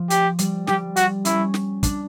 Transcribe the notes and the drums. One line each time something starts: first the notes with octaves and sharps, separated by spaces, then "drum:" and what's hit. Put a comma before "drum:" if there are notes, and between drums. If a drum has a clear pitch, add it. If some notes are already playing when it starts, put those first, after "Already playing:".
Already playing: F3
G4, drum: hi-hat
G3, drum: hi-hat
G3 G4, drum: snare
F#4, drum: hi-hat
C#4 E4, drum: hi-hat
drum: snare
D4, drum: kick, hi-hat